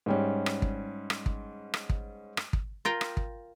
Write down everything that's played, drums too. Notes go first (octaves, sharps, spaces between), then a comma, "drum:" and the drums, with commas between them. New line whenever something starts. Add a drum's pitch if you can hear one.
G#2 G3 C#4
drum: rim click
drum: kick
drum: rim click
drum: kick
drum: rim click
drum: kick
drum: rim click
drum: kick
F4 A#4 G5
drum: rim click
drum: kick